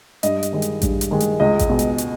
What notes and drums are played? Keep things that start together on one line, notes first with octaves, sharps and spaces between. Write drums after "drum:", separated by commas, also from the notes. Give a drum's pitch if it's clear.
G2 D#5, drum: hi-hat
drum: hi-hat
D#3 G#3
drum: hi-hat
G2, drum: kick A1, hi-hat
drum: hi-hat
D#3 G#3
drum: hi-hat
C#2 D#5
drum: kick A1, hi-hat
B2 G#3
drum: hi-hat
drum: hi-hat